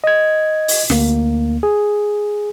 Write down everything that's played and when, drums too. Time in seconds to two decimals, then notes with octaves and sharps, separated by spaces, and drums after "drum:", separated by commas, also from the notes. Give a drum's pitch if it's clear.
0.04 D#5 G#6
0.68 drum: open hi-hat
0.90 D2 A#3, drum: snare
1.63 G#4